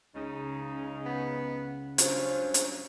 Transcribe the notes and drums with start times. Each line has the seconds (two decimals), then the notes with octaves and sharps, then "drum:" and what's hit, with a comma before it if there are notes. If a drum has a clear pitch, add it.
0.15 C#2 C#3 D#4
1.05 B3
1.98 G2 F#3 C#4 F4 C5, drum: hi-hat
2.54 drum: hi-hat